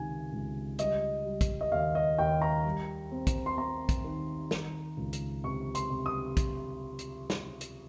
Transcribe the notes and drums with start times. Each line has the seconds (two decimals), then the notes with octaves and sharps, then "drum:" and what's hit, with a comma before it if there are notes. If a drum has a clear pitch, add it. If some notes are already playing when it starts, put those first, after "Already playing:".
Already playing: C#2 C3 D#3 G#5
0.32 C#2
0.79 G3 D#5, drum: hi-hat
1.25 G3
1.41 drum: kick, hi-hat
1.61 D#5
1.72 D#2 F5
1.95 D#5
2.18 D#2 G5
2.42 A#5
2.65 G3
3.12 C4
3.27 drum: kick, hi-hat
3.46 C6
3.58 C4 A#5
3.89 drum: kick, hi-hat
4.04 D#3
4.51 D#3, drum: snare
4.97 C#2
5.13 drum: hi-hat
5.44 C3 C#6
5.75 C6, drum: hi-hat
5.90 C3
6.06 D#6
6.37 drum: kick, hi-hat
6.99 drum: hi-hat
7.30 drum: snare
7.61 drum: hi-hat